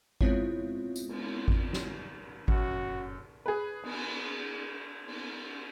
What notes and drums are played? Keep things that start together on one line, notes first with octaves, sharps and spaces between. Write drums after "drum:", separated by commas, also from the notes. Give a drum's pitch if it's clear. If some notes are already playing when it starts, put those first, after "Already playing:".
G#3 B3 C4 E4 F4 C#5, drum: kick G#1
drum: tambourine
drum: cymbal
drum: kick G#1
drum: snare
F#1 F#2 A#2 F#4, drum: kick G#1
G#4 B4
drum: cymbal
drum: cymbal